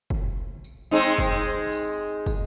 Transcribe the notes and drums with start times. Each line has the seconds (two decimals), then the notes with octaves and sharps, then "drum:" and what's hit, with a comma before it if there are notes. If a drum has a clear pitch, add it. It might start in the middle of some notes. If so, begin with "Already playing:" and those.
0.10 drum: kick
0.64 drum: tambourine
0.91 G#3 C4 D#4
1.18 drum: kick
1.72 drum: tambourine
2.26 drum: kick, tambourine